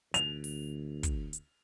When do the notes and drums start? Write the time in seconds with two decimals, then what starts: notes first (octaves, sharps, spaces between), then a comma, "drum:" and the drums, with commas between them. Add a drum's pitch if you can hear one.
0.14 D2 F7, drum: hi-hat
0.44 drum: open hi-hat
1.03 drum: kick, hi-hat
1.33 drum: hi-hat